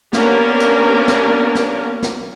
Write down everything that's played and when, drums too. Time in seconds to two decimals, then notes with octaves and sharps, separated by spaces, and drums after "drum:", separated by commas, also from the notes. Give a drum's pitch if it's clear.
0.13 A#3 B3 C#4 D4 G4 A#4, drum: snare
0.60 drum: tambourine
1.08 drum: snare
1.55 drum: snare
2.02 drum: snare